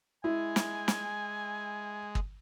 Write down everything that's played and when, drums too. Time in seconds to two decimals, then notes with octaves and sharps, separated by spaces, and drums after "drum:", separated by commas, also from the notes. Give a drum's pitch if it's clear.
0.24 G#3 E4 G#5
0.56 drum: snare
0.88 drum: snare
2.15 drum: kick